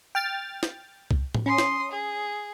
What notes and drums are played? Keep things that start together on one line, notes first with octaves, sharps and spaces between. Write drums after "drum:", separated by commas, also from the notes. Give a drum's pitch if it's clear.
G5 F6 A6
drum: snare
drum: kick C2
drum: tom A2
C#4 C6 D#6
drum: snare
G#4